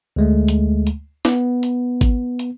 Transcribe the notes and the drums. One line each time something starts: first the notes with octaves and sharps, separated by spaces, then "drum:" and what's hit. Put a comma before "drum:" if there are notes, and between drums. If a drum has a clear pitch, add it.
D2 G#3 A3
drum: hi-hat
drum: hi-hat
B3, drum: snare
drum: hi-hat
drum: kick G#1, hi-hat
drum: hi-hat